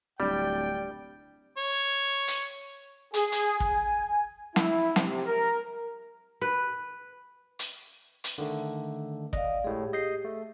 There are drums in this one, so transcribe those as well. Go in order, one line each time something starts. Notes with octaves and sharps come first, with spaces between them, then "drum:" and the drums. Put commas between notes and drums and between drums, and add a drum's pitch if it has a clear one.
D1 G3 D5 G5
C#5
drum: hi-hat
G#4, drum: hi-hat
drum: hi-hat
G#5, drum: kick
E4, drum: snare
C3, drum: snare
A#4
B4
drum: hi-hat
drum: hi-hat
D3 D#3 A3
D5 D#5 F5, drum: kick
A2 G#3 G4 G#4
D#5 G6 C7
A3